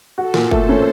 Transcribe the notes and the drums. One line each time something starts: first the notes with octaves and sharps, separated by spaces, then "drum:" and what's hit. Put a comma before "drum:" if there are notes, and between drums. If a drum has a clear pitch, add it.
F#4 A4
A#2, drum: snare
A3 C5, drum: kick
C#4